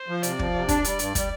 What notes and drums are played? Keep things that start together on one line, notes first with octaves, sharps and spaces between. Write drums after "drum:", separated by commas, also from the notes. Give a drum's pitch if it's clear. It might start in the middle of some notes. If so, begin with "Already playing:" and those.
Already playing: C5
F3
C3 D5, drum: hi-hat
F3, drum: kick
C3
D4, drum: kick, hi-hat
G3, drum: hi-hat
G2, drum: hi-hat
G3, drum: kick, hi-hat